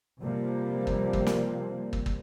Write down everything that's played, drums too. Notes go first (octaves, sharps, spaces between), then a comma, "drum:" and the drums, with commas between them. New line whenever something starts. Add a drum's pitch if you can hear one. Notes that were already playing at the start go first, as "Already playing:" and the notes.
C3 F3 G3 A#3
drum: kick
drum: kick
drum: snare
drum: kick
drum: kick